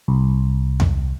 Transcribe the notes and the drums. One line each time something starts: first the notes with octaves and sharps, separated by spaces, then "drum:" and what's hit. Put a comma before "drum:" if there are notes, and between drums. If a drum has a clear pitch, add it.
C2
drum: tom E2